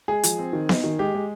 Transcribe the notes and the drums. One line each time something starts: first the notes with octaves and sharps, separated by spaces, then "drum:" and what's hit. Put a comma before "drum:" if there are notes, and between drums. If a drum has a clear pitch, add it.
G#3 G#4
F3, drum: hi-hat
C4
D#3
D#4, drum: snare B3
D#3
G#3 G4
G#3